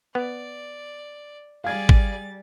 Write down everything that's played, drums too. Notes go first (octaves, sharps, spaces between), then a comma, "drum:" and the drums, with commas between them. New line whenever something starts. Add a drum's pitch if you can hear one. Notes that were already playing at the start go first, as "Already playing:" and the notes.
B3 D5
G3 G#4 D5 F5 G#6 A6
drum: kick